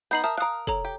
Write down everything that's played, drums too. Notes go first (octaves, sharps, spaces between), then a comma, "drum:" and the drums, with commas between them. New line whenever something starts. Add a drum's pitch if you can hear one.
B3 D#4 G6 C7 F#7
A#4 E5 A5 D#6
A#4 F5 D#6 F#6
A4 C#5 A#5, drum: kick
G4